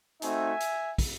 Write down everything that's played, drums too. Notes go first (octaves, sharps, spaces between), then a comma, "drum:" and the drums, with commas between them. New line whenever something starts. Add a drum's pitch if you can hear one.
A3 C4 D#4 F#4 E5 G#5, drum: hi-hat
drum: hi-hat
drum: kick, open hi-hat